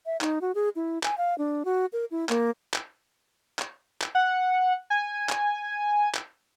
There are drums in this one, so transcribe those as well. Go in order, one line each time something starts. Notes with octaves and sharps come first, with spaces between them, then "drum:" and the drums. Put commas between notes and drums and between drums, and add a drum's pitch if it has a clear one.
E5
D#4, drum: clap
F#4
G#4
E4
G#5, drum: clap
F5
D4
F#4
A#4
E4
A#3, drum: clap
drum: clap
drum: clap
drum: clap
F#5
G#5
drum: clap
drum: clap